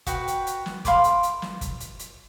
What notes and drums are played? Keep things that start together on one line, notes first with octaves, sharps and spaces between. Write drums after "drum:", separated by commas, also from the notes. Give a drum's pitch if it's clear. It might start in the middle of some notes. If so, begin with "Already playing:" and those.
F#4 B4 G5, drum: kick F#1, hi-hat
drum: hi-hat
drum: hi-hat
drum: snare
F5 B5 C6 D6, drum: kick F#1, hi-hat
drum: hi-hat
drum: hi-hat
drum: snare
drum: kick F#1, hi-hat
drum: hi-hat
drum: hi-hat